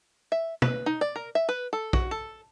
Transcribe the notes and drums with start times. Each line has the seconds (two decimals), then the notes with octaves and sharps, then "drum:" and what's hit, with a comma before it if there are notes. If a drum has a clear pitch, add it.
0.32 E5
0.62 B4, drum: tom
0.86 D#4
1.01 D5
1.16 A#4
1.35 E5
1.49 B4
1.73 A4
1.93 F#4, drum: kick A#1
2.11 A4